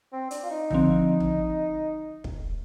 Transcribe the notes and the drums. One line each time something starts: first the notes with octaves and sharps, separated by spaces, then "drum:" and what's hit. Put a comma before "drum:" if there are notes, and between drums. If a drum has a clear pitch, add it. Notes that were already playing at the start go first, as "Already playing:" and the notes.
C4
D4, drum: hi-hat
F4
D#4
D3 F3 C4, drum: tom
drum: tom
drum: kick